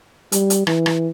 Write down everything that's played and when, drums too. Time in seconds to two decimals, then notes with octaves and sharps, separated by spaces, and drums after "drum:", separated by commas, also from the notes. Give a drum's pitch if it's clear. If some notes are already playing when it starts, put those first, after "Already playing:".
0.32 G3, drum: hi-hat
0.50 drum: hi-hat
0.67 E3, drum: rim click
0.86 drum: rim click